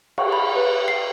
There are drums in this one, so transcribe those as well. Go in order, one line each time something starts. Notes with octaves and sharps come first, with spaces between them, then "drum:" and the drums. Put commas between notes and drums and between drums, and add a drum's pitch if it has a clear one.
C#6, drum: cymbal
B5
B4
C7